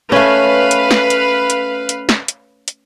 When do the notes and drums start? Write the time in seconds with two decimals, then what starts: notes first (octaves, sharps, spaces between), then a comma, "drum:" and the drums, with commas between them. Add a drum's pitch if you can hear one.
0.12 A3 C#4 B4 F5
0.71 drum: hi-hat
0.91 drum: snare
1.10 drum: hi-hat
1.50 drum: hi-hat
1.89 drum: hi-hat
2.09 drum: snare
2.28 drum: hi-hat
2.68 drum: hi-hat